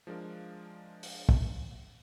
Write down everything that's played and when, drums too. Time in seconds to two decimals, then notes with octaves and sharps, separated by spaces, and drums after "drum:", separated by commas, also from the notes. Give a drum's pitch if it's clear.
0.07 F3 G#3 D4 A#4 F5
1.03 drum: open hi-hat
1.29 drum: kick